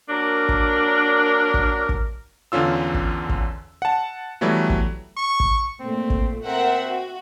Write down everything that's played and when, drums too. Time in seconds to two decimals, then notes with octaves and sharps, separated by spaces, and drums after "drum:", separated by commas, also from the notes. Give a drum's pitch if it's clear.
0.09 F#3 A#3 D4 A#4
0.49 drum: kick
1.54 drum: kick
1.89 drum: kick
2.52 E2 D3 C#4 F4 E6
2.94 drum: kick
3.29 drum: kick
3.82 F#5 A5
4.41 E3 F#3 G3 A3 B3
4.70 drum: kick
5.17 C#6
5.40 drum: kick
5.80 A#2 A3 C4
6.10 drum: kick
6.46 C4 A#4 E5 F#5
6.87 F#4